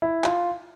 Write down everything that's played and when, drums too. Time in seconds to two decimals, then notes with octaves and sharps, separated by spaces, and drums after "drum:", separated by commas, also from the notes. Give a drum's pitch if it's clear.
0.02 E4
0.24 F4, drum: clap